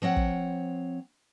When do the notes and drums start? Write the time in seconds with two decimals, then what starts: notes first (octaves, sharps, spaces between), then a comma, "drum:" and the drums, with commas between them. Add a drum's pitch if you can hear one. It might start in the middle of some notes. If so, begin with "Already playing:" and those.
0.02 F3 C4 C#5 F#5
0.16 drum: kick